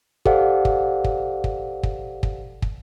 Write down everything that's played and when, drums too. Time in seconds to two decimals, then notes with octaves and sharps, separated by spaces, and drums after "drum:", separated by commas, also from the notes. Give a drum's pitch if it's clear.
0.25 G4 A4 C5 D5 F5 F#5, drum: kick
0.65 drum: kick
1.04 drum: kick
1.44 drum: kick
1.83 drum: kick
2.23 drum: kick
2.62 drum: kick